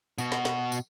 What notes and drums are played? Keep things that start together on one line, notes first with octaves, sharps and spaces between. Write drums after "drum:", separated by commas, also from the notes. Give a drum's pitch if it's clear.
B2 F#4, drum: tambourine
drum: snare
drum: snare
drum: tambourine